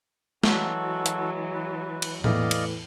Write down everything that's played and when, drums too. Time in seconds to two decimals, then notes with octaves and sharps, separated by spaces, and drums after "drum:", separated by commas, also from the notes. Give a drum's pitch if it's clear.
0.44 E3 F#3 G#3 F#4 A4, drum: snare
1.06 drum: hi-hat
1.54 B4
2.02 drum: cymbal
2.24 E2 A2 E3 D5 D#5 F5, drum: tom A2
2.51 drum: cymbal